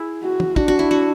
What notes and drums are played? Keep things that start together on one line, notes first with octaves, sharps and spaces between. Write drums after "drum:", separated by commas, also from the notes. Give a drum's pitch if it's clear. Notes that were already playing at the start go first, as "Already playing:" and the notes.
Already playing: E4 G#4
F#4
drum: tom
D4 F#4, drum: kick
F#4
E4
F#4